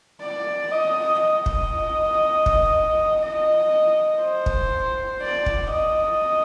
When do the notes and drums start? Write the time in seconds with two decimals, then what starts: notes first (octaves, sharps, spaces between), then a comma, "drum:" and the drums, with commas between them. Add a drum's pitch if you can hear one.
0.21 D5
0.71 D#5
1.20 D#5
1.46 drum: kick
2.46 drum: kick
3.22 D#5
4.22 C5
4.46 drum: kick
5.22 D5
5.46 drum: kick
5.71 D#5